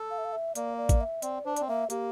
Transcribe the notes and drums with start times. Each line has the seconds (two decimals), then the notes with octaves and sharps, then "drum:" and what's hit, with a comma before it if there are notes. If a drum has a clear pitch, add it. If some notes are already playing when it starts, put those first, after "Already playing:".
Already playing: A4
0.10 F5
0.18 E5
0.25 F5
0.33 E5
0.55 A#3 D5, drum: hi-hat
0.77 D5
0.89 drum: kick, hi-hat
1.01 E5
1.22 C4 D5, drum: hi-hat
1.45 D4 C5
1.56 C4 D5, drum: hi-hat
1.68 A#3 E5
1.90 A#3 G4, drum: hi-hat